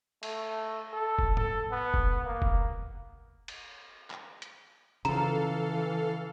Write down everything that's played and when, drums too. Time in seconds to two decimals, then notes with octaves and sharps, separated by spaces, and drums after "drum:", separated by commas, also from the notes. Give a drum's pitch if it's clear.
0.23 A3, drum: cymbal
0.93 A4
1.19 drum: kick F1
1.37 A4, drum: tom G#2
1.72 B3
1.94 drum: kick F1
2.25 A#3
2.42 drum: kick F1
3.48 drum: cymbal
4.10 drum: clap
4.42 drum: hi-hat
5.05 C#3 E3 F3 A4 F5 A#5, drum: hi-hat